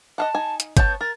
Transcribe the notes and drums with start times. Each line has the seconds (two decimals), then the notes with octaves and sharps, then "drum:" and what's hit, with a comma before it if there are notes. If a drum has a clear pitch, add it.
0.18 D#5 F5 F#5 A5
0.35 D#4 G#5
0.60 drum: hi-hat
0.77 B3 C#5 A5 G6, drum: kick G1, hi-hat
1.01 A#4 A6